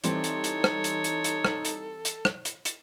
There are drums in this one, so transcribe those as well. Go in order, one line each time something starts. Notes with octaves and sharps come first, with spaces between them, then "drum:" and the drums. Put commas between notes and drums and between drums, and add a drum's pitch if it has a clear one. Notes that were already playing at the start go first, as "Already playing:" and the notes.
E3 G3 C4 D#4 A4 C#5, drum: hi-hat
drum: hi-hat
drum: hi-hat
drum: rim click
drum: hi-hat
drum: hi-hat
drum: hi-hat
drum: rim click
drum: hi-hat
drum: hi-hat
drum: rim click
drum: hi-hat
drum: hi-hat